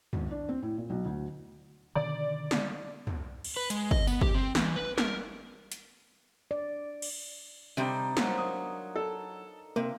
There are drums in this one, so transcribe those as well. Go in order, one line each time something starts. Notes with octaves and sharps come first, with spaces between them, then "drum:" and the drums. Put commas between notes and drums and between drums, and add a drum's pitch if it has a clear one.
G#1, drum: tom
D4
C4
A2
A#2
B1
D2
B2 D3 D#3 D5
drum: snare
drum: tom
drum: cymbal
B4
G#3, drum: hi-hat
D#5, drum: kick
B3, drum: tambourine
G4, drum: kick
C4
E3, drum: snare
B4
A#4, drum: snare
drum: hi-hat
D5
drum: cymbal
C3 G3 D4 D#4
F#3 F4 A#4 C5, drum: snare
D#6
A4
C3 A#3 F4